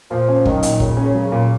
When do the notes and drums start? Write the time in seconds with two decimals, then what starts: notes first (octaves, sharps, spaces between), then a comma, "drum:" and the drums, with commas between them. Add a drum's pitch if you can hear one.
0.11 A#2 F3
0.29 C#4
0.45 D#3 F#3, drum: kick
0.63 A#2, drum: hi-hat
0.80 A#2 C#3, drum: kick
0.97 C#4
1.03 C#3
1.15 F#3
1.25 C#3
1.32 A#2